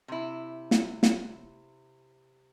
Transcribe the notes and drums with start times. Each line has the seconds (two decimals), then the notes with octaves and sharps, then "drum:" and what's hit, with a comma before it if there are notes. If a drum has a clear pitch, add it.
0.08 C3 E4
0.71 drum: snare
1.03 drum: snare